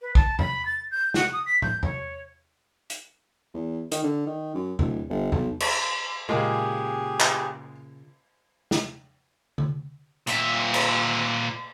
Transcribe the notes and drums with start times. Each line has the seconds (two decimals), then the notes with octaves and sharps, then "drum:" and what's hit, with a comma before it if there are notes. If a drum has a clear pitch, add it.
0.01 B4
0.15 A5, drum: kick
0.39 B5, drum: tom E2
0.65 A6
0.91 G6
1.14 F#4, drum: snare
1.32 D#6
1.46 B6
1.62 G6, drum: tom
1.83 C#5, drum: tom E2
2.90 drum: hi-hat
3.54 E2
3.92 D#3, drum: hi-hat
4.04 D3
4.26 D#3
4.55 F#2
4.79 D1, drum: tom E2
5.10 G1
5.32 B1, drum: tom E2
5.60 drum: cymbal
6.29 A#2 C#3 G#3 A#3 G4 G#4
7.20 drum: clap
8.71 drum: snare
9.58 drum: tom D3
10.27 A#2 E5, drum: hi-hat
10.74 drum: cymbal